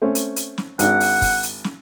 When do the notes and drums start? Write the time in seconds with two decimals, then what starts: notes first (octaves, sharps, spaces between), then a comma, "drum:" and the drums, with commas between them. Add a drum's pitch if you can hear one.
0.02 A3 C4 C#4
0.15 drum: hi-hat
0.36 drum: hi-hat
0.58 drum: snare
0.79 G#1 D4 F#5, drum: hi-hat
1.00 drum: open hi-hat
1.22 drum: kick, open hi-hat
1.43 drum: hi-hat
1.64 drum: snare